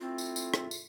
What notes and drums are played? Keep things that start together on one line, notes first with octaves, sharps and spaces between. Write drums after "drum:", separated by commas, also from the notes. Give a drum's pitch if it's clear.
A3 C4 E4 F4
drum: tambourine
drum: tambourine
drum: rim click
drum: tambourine